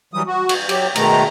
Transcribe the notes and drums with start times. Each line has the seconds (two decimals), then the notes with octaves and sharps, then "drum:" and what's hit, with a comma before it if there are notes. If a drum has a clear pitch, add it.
0.14 E3 F#3 G3 D#6
0.27 F#4
0.49 drum: cymbal
0.69 F#3 G4, drum: cymbal
0.95 B2 D#3 G#3 A3 A#5, drum: cymbal